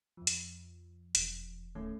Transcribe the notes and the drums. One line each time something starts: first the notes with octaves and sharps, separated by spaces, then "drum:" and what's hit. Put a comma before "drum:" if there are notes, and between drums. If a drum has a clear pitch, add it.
F2 F3
drum: hi-hat
E1, drum: hi-hat
D1 D#3 A3 C#4